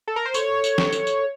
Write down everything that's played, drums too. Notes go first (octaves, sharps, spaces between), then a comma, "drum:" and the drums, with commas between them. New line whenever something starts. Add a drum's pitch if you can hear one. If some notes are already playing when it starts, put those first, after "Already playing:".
A4
A#4
C5
A4 C#5, drum: tambourine
drum: tambourine
drum: snare
drum: tambourine
drum: tambourine